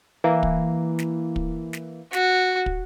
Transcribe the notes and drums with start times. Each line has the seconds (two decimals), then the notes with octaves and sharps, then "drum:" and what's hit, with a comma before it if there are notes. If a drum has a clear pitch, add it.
0.24 E3 A#3
0.43 drum: kick
0.99 drum: snare
1.36 drum: kick
1.73 drum: snare
2.13 F#4, drum: snare
2.66 drum: kick